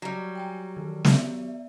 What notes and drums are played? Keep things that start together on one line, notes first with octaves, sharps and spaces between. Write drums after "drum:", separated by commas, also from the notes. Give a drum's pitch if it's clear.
F#3 G3
G5 G#5 A#5
D#3 E3
B3 D5 E5, drum: snare